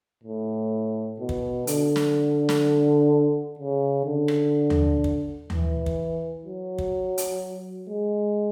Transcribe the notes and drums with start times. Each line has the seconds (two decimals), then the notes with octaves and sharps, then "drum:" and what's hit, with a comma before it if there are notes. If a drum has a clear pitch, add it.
0.24 A2
1.20 B2
1.29 drum: kick
1.67 D3, drum: hi-hat
1.96 drum: snare
2.49 drum: snare
3.59 C#3
4.06 D3
4.28 drum: rim click
4.70 drum: tom D#2
5.04 drum: kick
5.50 E3, drum: tom D#2
5.86 drum: kick
6.45 F#3
6.78 drum: kick
7.18 drum: hi-hat
7.89 G#3